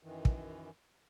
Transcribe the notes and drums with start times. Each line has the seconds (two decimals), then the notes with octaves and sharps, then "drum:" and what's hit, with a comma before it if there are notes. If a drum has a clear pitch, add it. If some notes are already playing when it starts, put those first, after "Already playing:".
0.03 F#2 D#3 E3
0.25 drum: kick